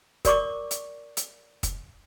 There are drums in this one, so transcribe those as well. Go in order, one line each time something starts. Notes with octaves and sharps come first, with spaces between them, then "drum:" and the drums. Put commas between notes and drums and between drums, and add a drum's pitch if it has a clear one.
A#4 D5 C#6 D6, drum: kick, hi-hat
drum: hi-hat
drum: hi-hat
drum: kick, hi-hat